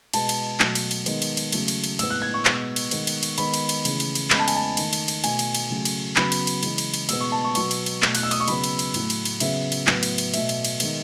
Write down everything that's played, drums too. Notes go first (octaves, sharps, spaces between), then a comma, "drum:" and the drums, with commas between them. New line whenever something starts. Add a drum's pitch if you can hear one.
B2 G#3 B3 A5, drum: cymbal
drum: cymbal
B2 F#3 A3, drum: clap
drum: cymbal
drum: cymbal
D#3 G#3 B3, drum: cymbal
drum: cymbal
drum: cymbal
C#3 F#3 A3, drum: cymbal
drum: cymbal
drum: cymbal
A2 G#3 B3 E6, drum: cymbal
F#6
G#6
C#6
B2 G#3 B3, drum: clap
drum: cymbal
D#3 G#3 B3, drum: cymbal
drum: cymbal
drum: cymbal
D#3 G#3 B3 B5, drum: cymbal
drum: cymbal
drum: cymbal
C#3 E3 A3, drum: cymbal
drum: cymbal
drum: cymbal
C#3 G#3 B3 B5, drum: clap
A5
G#5, drum: cymbal
A5
D#3 A3, drum: cymbal
drum: cymbal
drum: cymbal
B2 A3 G#5, drum: cymbal
drum: cymbal
drum: cymbal
C#3 F#3 A3
drum: cymbal
C#3 F#3 B3 B5, drum: clap
drum: cymbal
drum: cymbal
C#3 E3 G#3, drum: cymbal
drum: cymbal
drum: cymbal
B2 G#3 B3 E6, drum: cymbal
C#6
A5
C#6
B2 F#3 B3 C#6, drum: cymbal
drum: cymbal
drum: cymbal
B2 A3, drum: clap
F#6, drum: cymbal
E6
D#6, drum: cymbal
C#6
C#3 F#3 B3 B5, drum: cymbal
drum: cymbal
drum: cymbal
A2 F#3 A3, drum: cymbal
drum: cymbal
drum: cymbal
C#3 F#3 B3 E5, drum: cymbal
drum: cymbal
A2 F#3 B3, drum: clap
drum: cymbal
drum: cymbal
B2 A3 E5, drum: cymbal
drum: cymbal
drum: cymbal
D#3 G#3 B3, drum: cymbal